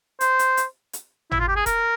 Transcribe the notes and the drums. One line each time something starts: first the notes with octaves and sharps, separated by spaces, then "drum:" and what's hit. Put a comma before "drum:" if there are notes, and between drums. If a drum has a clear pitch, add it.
C5, drum: hi-hat
drum: hi-hat
drum: hi-hat
drum: hi-hat
E4, drum: tom G#1
F4
G4
G#4
A#4, drum: kick E1, hi-hat